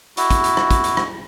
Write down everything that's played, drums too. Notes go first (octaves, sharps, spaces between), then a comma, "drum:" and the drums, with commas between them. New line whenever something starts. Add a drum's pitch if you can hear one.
E4 F#4, drum: hi-hat
drum: kick, hi-hat
drum: hi-hat
drum: rim click
drum: kick, hi-hat
drum: hi-hat
drum: rim click